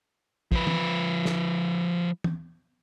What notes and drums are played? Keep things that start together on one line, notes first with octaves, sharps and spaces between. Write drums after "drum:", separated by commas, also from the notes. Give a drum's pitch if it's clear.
F3 B4, drum: kick
drum: tom
drum: snare
drum: tom